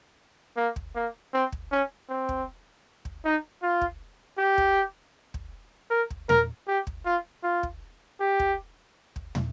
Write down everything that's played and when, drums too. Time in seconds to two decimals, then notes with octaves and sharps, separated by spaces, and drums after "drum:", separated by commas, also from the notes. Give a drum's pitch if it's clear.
0.57 A#3
0.76 drum: kick
0.95 A#3
1.34 C4
1.52 drum: kick
1.71 C#4
2.10 C4
2.29 drum: kick
3.05 drum: kick
3.25 D#4
3.63 F4
3.81 drum: kick
4.38 G4
4.58 drum: kick
5.34 drum: kick
5.91 A#4
6.10 drum: kick
6.29 A#4, drum: tom
6.68 G4
6.87 drum: kick
7.05 F4
7.44 F4
7.63 drum: kick
8.20 G4
8.39 drum: kick
9.16 drum: kick
9.35 drum: tom